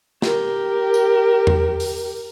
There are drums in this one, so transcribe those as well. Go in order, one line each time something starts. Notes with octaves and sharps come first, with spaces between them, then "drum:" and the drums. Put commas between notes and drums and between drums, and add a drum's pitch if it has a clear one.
G4 A#4, drum: snare
drum: tambourine
drum: tom E2
drum: open hi-hat